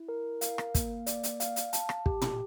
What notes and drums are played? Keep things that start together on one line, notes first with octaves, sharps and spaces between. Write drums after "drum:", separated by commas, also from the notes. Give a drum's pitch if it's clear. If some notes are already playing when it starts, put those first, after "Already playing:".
Already playing: E4
A#4
F5, drum: hi-hat
drum: rim click
A#3, drum: kick, hi-hat
D5, drum: hi-hat
drum: hi-hat
F5, drum: hi-hat
drum: hi-hat
A5, drum: hi-hat
drum: rim click
G4, drum: kick
drum: tom